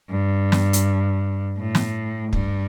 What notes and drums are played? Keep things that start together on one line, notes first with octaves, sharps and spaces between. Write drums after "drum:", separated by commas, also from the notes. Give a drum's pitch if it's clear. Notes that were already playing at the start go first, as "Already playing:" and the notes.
G2
drum: snare
drum: hi-hat
A2
drum: snare
G2, drum: kick